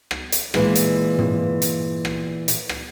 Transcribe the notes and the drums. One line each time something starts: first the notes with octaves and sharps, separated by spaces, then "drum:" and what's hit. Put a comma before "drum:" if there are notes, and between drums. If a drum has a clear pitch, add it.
drum: rim click
drum: hi-hat
A#2 E3 G#3, drum: rim click
drum: hi-hat
drum: tom
drum: hi-hat
drum: rim click
drum: hi-hat
drum: rim click